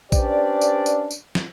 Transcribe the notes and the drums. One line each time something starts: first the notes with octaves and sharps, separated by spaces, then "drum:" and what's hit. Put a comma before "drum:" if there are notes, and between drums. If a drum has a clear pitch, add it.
C#4 D4 G4 B4 C5 D5, drum: kick, tambourine
drum: tambourine
drum: tambourine
drum: tambourine
drum: snare